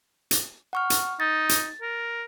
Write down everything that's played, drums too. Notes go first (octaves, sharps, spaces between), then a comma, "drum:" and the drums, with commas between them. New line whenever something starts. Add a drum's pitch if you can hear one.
drum: hi-hat
F#5 C#6 F6
drum: hi-hat
D#4 A6
drum: hi-hat
A#4